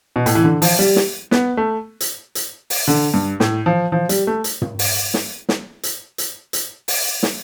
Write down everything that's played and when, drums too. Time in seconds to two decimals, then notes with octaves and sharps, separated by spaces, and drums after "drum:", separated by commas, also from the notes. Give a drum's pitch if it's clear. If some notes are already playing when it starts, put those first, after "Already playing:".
0.16 B2
0.26 A2, drum: hi-hat
0.35 E3
0.43 D3
0.62 F3, drum: open hi-hat
0.79 G3
0.96 drum: snare
1.31 B3, drum: snare
1.57 A3
2.00 drum: hi-hat
2.35 drum: hi-hat
2.70 drum: open hi-hat
2.88 D3
3.14 G2
3.40 A2, drum: snare
3.66 F3
3.92 F3
4.09 G3, drum: hi-hat
4.27 A3
4.44 drum: hi-hat
4.62 drum: tom
4.79 drum: open hi-hat
5.14 drum: snare
5.49 drum: snare
5.83 drum: hi-hat
6.18 drum: hi-hat
6.53 drum: hi-hat
6.88 drum: open hi-hat
7.23 drum: snare